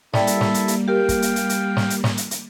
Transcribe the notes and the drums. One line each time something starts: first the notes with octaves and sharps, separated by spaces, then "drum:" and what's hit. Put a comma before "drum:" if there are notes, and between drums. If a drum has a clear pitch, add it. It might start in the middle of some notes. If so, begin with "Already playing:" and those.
G3 A#3 E4 A4 D5 E5 G5 A5, drum: snare
drum: hi-hat
drum: snare
drum: hi-hat
drum: hi-hat
G4 A#4 F5 G5
drum: kick, hi-hat
drum: hi-hat
drum: hi-hat
drum: hi-hat
drum: snare
drum: hi-hat
drum: snare
drum: hi-hat
drum: hi-hat